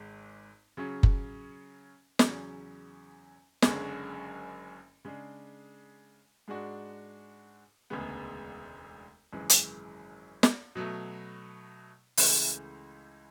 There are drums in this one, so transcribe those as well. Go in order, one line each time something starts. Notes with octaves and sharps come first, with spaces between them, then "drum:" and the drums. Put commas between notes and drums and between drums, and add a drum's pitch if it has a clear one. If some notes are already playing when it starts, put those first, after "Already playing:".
Already playing: G#1 G#2 G#3
C#3 F#3 C#4
drum: kick F#1
E2 C#3 F#3 C#4, drum: snare
F#1 F#2 D3 G#3 C#4, drum: snare
C#3 G#3 D4
G#2 G#3 D4 F#4
E1 D2 C#3 G#3 B3
G#1 F#2 C#3 E3 G#3
drum: hi-hat
drum: snare
B2 F#3 A3
C#2 C#3 E3 A3, drum: open hi-hat